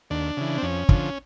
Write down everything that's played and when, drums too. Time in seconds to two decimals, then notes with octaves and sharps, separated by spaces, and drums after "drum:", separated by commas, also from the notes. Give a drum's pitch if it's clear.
0.10 D#2 D4
0.37 C#3 E3
0.58 C4
0.63 F2 C#4
0.89 D3 F3, drum: kick